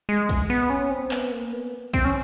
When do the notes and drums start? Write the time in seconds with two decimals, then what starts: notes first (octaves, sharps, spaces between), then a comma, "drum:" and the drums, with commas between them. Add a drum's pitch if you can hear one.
0.09 G#3
0.29 drum: kick, cymbal
0.50 B3
0.70 C#4
0.90 C4
1.11 B3, drum: clap
1.31 A#3
1.52 B3
1.93 C4, drum: kick, cymbal
2.04 C#4